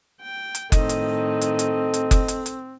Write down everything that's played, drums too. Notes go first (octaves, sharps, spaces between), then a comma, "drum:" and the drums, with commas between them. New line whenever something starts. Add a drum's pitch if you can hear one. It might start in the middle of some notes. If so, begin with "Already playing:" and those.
G5
drum: hi-hat
A2 D#3 C4 A4 D#5, drum: kick F#1, hi-hat
drum: hi-hat
drum: hi-hat
drum: hi-hat
drum: hi-hat
drum: kick F#1, hi-hat
drum: hi-hat
drum: hi-hat